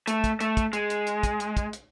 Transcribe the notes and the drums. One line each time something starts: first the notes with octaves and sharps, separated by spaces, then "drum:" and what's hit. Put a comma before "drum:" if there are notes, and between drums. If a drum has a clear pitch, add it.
A3, drum: hi-hat
drum: kick, hi-hat
A3, drum: hi-hat
drum: kick, hi-hat
G#3, drum: hi-hat
drum: hi-hat
drum: hi-hat
drum: kick, hi-hat
drum: hi-hat
drum: kick, hi-hat
drum: hi-hat